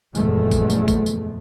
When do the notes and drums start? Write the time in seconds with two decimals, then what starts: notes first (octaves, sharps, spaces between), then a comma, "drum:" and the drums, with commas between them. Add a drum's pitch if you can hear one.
0.15 F#1 E2 A#2 F3 G#3 A3, drum: tambourine
0.51 drum: kick A1, tambourine
0.70 drum: tambourine
0.88 drum: kick A1, tambourine
1.06 drum: tambourine